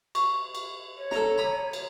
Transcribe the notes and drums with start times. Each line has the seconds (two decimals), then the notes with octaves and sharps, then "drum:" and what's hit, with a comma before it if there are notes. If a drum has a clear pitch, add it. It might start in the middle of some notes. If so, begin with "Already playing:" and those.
0.15 C#6, drum: cymbal
0.55 drum: cymbal
0.98 C#5
1.11 A4 A#5, drum: snare
1.38 A#5 B5 D#6
1.73 drum: cymbal